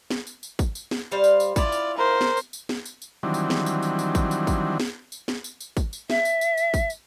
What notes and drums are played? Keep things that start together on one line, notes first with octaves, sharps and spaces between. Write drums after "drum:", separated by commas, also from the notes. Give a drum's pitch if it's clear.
drum: snare
drum: tambourine
drum: tambourine
drum: kick, tambourine
drum: tambourine
drum: snare
G3 C5 F5
drum: tambourine
drum: tambourine
E4 F4 D5, drum: kick, tambourine
drum: tambourine
A#4 C5
drum: snare
drum: tambourine
drum: tambourine
drum: snare
drum: tambourine
drum: tambourine
D#3 E3 F#3 G3 C4 D4
drum: tambourine
drum: snare
drum: tambourine
drum: tambourine
drum: tambourine
drum: kick, tambourine
drum: tambourine
drum: kick, tambourine
drum: snare
drum: tambourine
drum: snare
drum: tambourine
drum: tambourine
drum: kick, tambourine
drum: tambourine
E5, drum: snare
drum: tambourine
drum: tambourine
drum: tambourine
drum: kick, tambourine
drum: tambourine